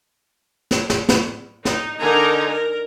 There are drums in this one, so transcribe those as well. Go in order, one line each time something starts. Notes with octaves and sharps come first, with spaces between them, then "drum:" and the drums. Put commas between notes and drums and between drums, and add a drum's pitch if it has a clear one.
drum: snare
drum: snare
drum: snare
D#4, drum: snare
D3 D#4 A#4 G#5 A#5
A#4